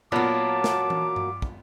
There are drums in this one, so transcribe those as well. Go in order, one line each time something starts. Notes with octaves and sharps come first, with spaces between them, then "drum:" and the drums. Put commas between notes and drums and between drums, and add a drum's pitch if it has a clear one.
A#2 F#3 A#3 B3 A5 D6
drum: snare
drum: tom E3
drum: tom G2
drum: kick